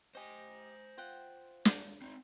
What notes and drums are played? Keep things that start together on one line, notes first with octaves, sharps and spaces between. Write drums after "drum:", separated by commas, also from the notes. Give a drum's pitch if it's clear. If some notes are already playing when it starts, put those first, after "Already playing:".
G4 C5 D#5 G#5
F4 F#5 G5
drum: snare
C4 D#4